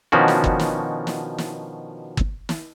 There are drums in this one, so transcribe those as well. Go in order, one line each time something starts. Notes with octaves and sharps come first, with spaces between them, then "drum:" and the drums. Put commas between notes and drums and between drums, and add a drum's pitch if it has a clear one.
B2 D#3 F3 C#4 D4 F#4
drum: snare
drum: kick
drum: snare
drum: snare
drum: snare
drum: kick
drum: snare